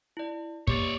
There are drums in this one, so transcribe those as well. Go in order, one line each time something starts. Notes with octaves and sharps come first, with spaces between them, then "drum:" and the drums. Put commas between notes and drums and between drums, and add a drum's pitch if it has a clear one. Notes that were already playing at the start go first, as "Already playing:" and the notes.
E4 D5
A#3 G4 C#5 D5 A6, drum: kick